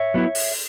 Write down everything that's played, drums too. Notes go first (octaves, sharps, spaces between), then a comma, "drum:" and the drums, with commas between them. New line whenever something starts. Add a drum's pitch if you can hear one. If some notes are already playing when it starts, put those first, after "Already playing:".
Already playing: C#5 E5
F#3 B3 E4
drum: open hi-hat